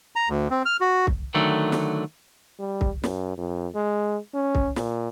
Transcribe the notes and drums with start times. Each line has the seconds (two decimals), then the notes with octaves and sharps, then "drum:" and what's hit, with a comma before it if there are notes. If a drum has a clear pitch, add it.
0.16 A#5
0.29 D2
0.51 C4
0.65 F6
0.81 F#4
1.07 drum: kick C2
1.34 D3 D#3 F#3 A3
1.72 drum: snare
2.60 G3
2.81 drum: kick C2
3.04 F#2, drum: snare
3.38 F2
3.75 G#3
4.34 C#4
4.55 drum: kick C2
4.76 A#2, drum: snare